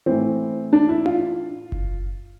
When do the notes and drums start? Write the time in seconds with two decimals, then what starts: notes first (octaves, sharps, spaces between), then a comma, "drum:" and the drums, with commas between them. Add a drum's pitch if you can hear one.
0.06 A2 E3 C4
0.73 D4
0.89 E4
1.06 F4, drum: tom D4
1.72 drum: kick F#1